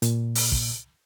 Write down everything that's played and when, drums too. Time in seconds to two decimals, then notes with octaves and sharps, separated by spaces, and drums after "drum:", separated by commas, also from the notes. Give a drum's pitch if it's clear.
0.02 A#2, drum: hi-hat
0.35 drum: open hi-hat
0.52 drum: kick